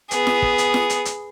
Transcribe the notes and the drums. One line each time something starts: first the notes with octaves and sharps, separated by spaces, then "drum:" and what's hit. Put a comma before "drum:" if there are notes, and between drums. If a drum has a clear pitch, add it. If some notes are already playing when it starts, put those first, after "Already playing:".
B3 G#4, drum: hi-hat
drum: snare
drum: kick
drum: hi-hat
drum: snare
drum: hi-hat
drum: hi-hat